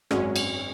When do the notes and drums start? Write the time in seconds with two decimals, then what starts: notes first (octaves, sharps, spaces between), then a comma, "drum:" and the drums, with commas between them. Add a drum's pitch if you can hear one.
0.11 G#1 F#2 F#3 G#3 C#4, drum: rim click
0.36 drum: cymbal